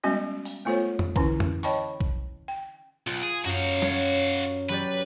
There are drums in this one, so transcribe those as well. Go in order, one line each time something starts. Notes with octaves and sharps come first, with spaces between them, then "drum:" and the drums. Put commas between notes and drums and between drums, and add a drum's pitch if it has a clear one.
G3 G#3 B3 C#4 F#4 D#5
drum: open hi-hat
A3 B3 F4 A4 C5 C#5
drum: tom F2
D3 E3 C#4 E4, drum: kick A#1
drum: tom F2
C#5 D#5 G5 A5 B5 C#6, drum: open hi-hat
drum: kick A#1
G5
B1 F4
G#4
F#2 F#4 F5, drum: open hi-hat
C#5, drum: snare
F#3 G4 B4 D5, drum: hi-hat